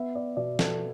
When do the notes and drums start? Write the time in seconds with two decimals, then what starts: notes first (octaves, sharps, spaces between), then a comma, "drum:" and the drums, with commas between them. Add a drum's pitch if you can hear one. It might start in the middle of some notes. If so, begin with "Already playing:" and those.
Already playing: B3 E5
0.15 D5
0.37 B2 D5
0.59 A4, drum: snare